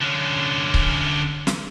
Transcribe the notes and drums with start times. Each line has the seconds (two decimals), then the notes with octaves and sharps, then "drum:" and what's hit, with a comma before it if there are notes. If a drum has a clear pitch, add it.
0.01 D3 C#4
0.74 drum: kick C#1
1.47 drum: snare